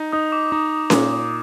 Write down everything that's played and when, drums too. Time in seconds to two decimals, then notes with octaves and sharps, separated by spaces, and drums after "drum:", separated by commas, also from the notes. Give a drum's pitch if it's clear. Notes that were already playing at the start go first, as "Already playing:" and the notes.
Already playing: D#4
0.12 D#4 D#6
0.32 D6
0.52 D#4
0.90 A#2, drum: snare C#4